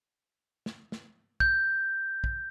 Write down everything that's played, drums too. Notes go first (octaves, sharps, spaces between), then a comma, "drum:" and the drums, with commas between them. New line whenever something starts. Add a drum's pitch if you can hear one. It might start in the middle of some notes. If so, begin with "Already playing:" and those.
drum: snare
drum: snare
G6, drum: kick
drum: kick